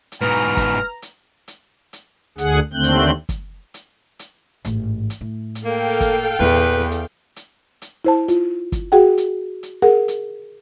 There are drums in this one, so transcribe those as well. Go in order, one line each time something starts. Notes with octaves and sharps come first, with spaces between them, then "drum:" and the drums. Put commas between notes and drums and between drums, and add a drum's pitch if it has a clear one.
drum: hi-hat
G#2 B2 B4 A#5 F6
drum: kick, hi-hat
drum: hi-hat
drum: hi-hat
drum: hi-hat
D2 D3 G#4 F#5, drum: hi-hat
D#2 D3 A3 C4 F#6 G6
drum: hi-hat
drum: kick, hi-hat
drum: hi-hat
drum: hi-hat
A1 G#2, drum: hi-hat
drum: hi-hat
A2
drum: hi-hat
A#3 A4 F5 G5
drum: kick, hi-hat
E2 A#2 B4
drum: hi-hat
drum: hi-hat
drum: hi-hat
E4 C5 A5
F4, drum: hi-hat
drum: kick, hi-hat
F#4 G#4 F#5 G5
drum: hi-hat
drum: hi-hat
G#4 A#4 F#5
drum: hi-hat